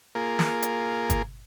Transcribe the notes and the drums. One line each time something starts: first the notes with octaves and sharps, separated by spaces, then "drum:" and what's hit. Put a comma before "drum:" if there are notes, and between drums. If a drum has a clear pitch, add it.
A#3 F4 G#4 A#4
drum: snare
drum: hi-hat
drum: kick, hi-hat